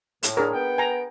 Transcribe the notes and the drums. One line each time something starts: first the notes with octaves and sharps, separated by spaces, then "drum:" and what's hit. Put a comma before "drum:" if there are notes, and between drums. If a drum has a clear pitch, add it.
A2, drum: hi-hat
D4 G#4 A#4
B3 G5
G#5 A#5